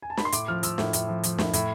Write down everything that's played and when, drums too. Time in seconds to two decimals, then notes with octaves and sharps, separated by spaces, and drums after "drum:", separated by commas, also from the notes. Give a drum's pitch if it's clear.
0.02 G#5
0.10 A5
0.17 B5, drum: snare
0.25 C6
0.32 A2 D6, drum: hi-hat
0.48 F3 F6
0.63 F3 E6, drum: hi-hat
0.78 A2, drum: snare
0.93 A2, drum: hi-hat
1.08 F3
1.23 F3, drum: hi-hat
1.38 A2, drum: snare
1.53 A2, drum: hi-hat